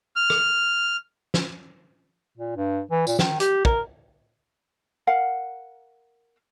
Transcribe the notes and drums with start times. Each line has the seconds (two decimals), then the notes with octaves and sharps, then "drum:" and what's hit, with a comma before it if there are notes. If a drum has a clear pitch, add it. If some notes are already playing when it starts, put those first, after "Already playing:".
0.16 F6
0.30 drum: rim click
1.34 drum: snare
2.37 A#2
2.56 G2
2.91 E3
3.07 A#2, drum: tambourine
3.19 D#3, drum: snare
3.40 G4, drum: hi-hat
3.65 A#4, drum: kick
5.07 A#4 F5 F#5